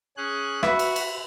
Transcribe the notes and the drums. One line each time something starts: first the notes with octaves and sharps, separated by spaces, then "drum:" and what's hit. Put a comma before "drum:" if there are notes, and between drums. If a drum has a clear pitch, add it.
C#4 G#4 F#6
F#4 B4 E5, drum: rim click
drum: cymbal
drum: cymbal